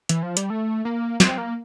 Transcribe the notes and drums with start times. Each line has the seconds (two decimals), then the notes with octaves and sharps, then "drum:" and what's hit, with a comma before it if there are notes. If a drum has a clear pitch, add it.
0.09 E3, drum: hi-hat
0.23 F3
0.37 G3, drum: hi-hat
0.50 A3
0.85 A#3
1.20 C4, drum: snare
1.38 A#3